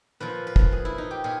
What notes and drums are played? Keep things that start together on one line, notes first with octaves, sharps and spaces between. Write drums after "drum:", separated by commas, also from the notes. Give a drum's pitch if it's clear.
A#2 F3 B4
B4
drum: kick
G#4
E4
D#4
G4
A#2 G#4